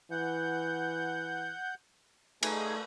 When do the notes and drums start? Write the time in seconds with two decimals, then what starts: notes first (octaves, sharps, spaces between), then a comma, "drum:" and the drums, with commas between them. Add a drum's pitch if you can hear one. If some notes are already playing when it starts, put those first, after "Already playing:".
0.11 E3 F#5 G6
2.43 A3 D#4 G#4 G#5, drum: cymbal